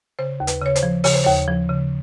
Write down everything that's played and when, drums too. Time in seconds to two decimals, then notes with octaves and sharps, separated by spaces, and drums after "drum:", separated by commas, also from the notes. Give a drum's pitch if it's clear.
0.19 C#3 C5
0.40 D#2
0.47 B4, drum: hi-hat
0.62 C#3 C#5
0.76 C5, drum: hi-hat
0.83 F3
1.04 C#3 C#5, drum: open hi-hat
1.14 C5
1.24 D#2 C#5
1.48 F3
1.69 C#3